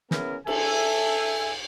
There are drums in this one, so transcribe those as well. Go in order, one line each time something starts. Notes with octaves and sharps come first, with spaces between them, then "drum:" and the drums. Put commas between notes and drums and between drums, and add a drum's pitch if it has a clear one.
B3 C#4 E4 G#4 A#4, drum: snare
A4 E5 G#5, drum: cymbal